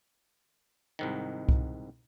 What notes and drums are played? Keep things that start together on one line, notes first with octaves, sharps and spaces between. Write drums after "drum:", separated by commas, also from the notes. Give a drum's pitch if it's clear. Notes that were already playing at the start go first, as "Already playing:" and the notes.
C2 G#2 D#3
drum: kick C2